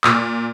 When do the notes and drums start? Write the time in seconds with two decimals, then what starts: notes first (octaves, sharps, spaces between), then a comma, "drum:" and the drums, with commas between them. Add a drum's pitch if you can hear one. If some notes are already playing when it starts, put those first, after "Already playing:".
0.04 A#2, drum: clap